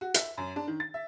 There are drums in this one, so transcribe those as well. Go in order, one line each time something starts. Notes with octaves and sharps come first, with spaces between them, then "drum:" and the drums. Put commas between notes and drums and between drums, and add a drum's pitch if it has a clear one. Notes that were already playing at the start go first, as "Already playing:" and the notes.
F#4
E5, drum: hi-hat
F#2
D4
D#3
A6
E5